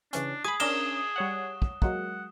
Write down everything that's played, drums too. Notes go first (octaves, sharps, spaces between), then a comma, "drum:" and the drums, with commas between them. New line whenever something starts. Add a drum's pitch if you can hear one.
C#3 E3 C#4 D4, drum: hi-hat
G#4 G#5 B5 D#6, drum: rim click
C#4 D4 A#4 E7 G7, drum: cymbal
G3 C#5 F#5
drum: kick
F#3 G#3 A#3 F#5, drum: kick